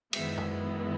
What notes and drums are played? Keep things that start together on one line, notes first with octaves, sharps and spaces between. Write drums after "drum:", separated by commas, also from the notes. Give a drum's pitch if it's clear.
F#2 D#3 G#3 B3 E4 E5, drum: cymbal
drum: tom F#2